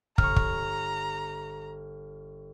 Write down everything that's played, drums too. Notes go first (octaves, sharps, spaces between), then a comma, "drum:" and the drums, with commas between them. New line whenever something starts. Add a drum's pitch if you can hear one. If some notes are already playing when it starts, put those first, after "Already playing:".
G1 A#5 C#6 F6, drum: kick
drum: kick